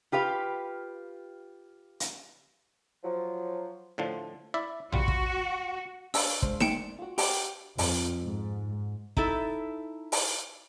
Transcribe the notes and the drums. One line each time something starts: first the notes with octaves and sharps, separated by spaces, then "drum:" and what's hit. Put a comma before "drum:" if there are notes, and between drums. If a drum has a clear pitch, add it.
F4 G4 B4 F5
drum: hi-hat
F3 F#3
A2 D3 F3
E4 D5 E5
G3 F4 F#4, drum: tom A#1
drum: kick
D4 B4 C#5 F5 E6, drum: open hi-hat
G#3 C5, drum: kick
G5 C#7 E7, drum: snare D#4
F4 F#4
D4 G4 F#5, drum: open hi-hat
F2, drum: open hi-hat
G#2
D#4 E4 A4 E5, drum: kick
drum: open hi-hat